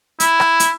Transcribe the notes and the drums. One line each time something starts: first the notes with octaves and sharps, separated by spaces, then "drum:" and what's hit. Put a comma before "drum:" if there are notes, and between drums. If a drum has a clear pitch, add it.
E4, drum: hi-hat
drum: rim click
drum: hi-hat